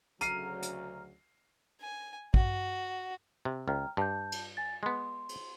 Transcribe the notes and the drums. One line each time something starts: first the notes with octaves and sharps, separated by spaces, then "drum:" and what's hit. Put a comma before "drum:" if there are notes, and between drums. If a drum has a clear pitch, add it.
D2 C#3 F#3 A#5 F6 C7 D#7, drum: hi-hat
drum: hi-hat
G#5
F#4, drum: kick
C3
C#2 G5 A#5 F6
G2 A5 G6
drum: cymbal
G#5 A6
G#3 B3 C6
drum: cymbal